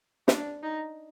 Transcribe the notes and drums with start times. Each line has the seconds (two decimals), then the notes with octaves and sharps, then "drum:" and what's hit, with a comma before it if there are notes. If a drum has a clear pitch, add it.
0.28 D4, drum: snare
0.63 D#4